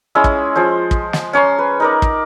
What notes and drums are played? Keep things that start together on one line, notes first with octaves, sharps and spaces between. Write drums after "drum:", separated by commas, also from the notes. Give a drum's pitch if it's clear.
G#3 C#4 E4 E6
drum: kick
F3 G#3 C5
drum: kick
drum: snare
C#4 C#5 A#5 C6
B4
D#4 A#4 D5
drum: kick